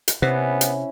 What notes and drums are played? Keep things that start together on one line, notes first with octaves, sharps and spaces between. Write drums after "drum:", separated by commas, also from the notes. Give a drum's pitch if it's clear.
drum: hi-hat
C3 B3 C#4 E4 C5
drum: hi-hat